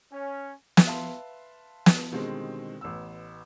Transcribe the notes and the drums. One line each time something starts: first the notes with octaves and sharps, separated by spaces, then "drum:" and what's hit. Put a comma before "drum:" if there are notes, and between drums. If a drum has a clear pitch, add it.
C#4
drum: snare
B4 E5 F5 A5 C6
drum: snare
B2 D3 D#3 G3 G#3 C4
A1 B3 E6